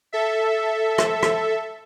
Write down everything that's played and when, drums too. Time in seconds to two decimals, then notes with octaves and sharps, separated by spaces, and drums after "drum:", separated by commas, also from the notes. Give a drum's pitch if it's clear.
0.13 A4 E5
0.98 drum: rim click
1.23 drum: rim click